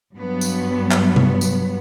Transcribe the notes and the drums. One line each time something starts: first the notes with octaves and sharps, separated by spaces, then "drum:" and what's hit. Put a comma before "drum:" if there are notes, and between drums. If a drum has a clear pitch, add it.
G2 F#3 B3
drum: tambourine
drum: clap
drum: tom C3
drum: tambourine